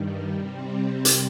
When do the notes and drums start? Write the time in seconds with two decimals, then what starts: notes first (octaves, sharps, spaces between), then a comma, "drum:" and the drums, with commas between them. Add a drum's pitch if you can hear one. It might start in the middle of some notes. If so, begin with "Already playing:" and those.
Already playing: G2 D#3 G3
0.34 C3 G3 C4
1.05 drum: hi-hat